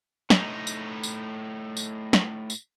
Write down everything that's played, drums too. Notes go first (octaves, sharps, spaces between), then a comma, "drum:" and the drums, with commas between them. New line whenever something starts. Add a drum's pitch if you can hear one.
A2 D#4, drum: snare
drum: tambourine
drum: tambourine
drum: tambourine
drum: snare
drum: tambourine